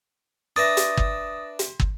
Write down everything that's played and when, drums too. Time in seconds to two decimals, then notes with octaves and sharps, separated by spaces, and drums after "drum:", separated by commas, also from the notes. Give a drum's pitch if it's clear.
0.56 D4 B4 E5 D#6 A6 A#6
0.77 drum: hi-hat
0.97 drum: kick
1.59 drum: hi-hat
1.80 drum: kick